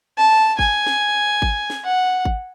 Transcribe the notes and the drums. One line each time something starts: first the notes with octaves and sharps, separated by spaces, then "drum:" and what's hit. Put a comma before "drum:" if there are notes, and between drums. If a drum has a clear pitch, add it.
A5
G#5, drum: kick G#1
drum: snare
drum: kick G#1
drum: snare
F#5
drum: kick G#1